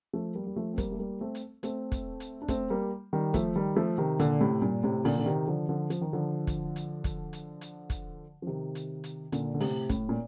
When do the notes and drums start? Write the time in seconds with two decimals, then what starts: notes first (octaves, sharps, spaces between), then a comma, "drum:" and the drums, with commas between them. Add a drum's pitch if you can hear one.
0.13 F3 A3
0.35 G3 A#3
0.47 G3
0.56 F3 A3
0.73 C4
0.78 G3 A#3, drum: kick, hi-hat
0.92 A3
0.99 G3 A#3
1.20 A3 C4
1.35 drum: hi-hat
1.63 A3 C4, drum: hi-hat
1.92 drum: kick, hi-hat
2.20 drum: hi-hat
2.42 D4
2.48 A3 C4, drum: kick, hi-hat
2.70 G3 A#3
3.13 D#3 G3
3.34 F3 A3, drum: kick, hi-hat
3.56 D#3 G3
3.76 F3 A3
3.98 C3 D#3
4.19 A#2 D3, drum: hi-hat
4.41 A2 C3
4.62 G2 A#2
4.84 A2 C3
5.05 A#2 D3, drum: open hi-hat
5.18 D3
5.26 C3 D#3
5.48 D3 F3
5.69 D3 F3
5.90 F3, drum: hi-hat
6.01 D#3
6.13 D3 F3
6.47 drum: kick, hi-hat
6.76 drum: hi-hat
7.04 drum: kick, hi-hat
7.33 drum: hi-hat
7.61 drum: hi-hat
7.90 drum: kick, hi-hat
8.42 F3
8.47 C3 D#3
8.75 drum: hi-hat
9.04 drum: hi-hat
9.32 A#2 D3, drum: hi-hat
9.54 D3
9.60 A2 C3, drum: open hi-hat
9.89 A2, drum: kick, hi-hat
10.09 A#2